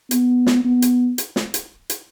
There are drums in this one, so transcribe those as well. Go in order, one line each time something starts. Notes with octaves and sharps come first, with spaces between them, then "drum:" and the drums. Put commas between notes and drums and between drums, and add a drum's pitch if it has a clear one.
B3, drum: hi-hat
drum: snare
B3
drum: hi-hat
drum: hi-hat
drum: snare
drum: hi-hat
drum: hi-hat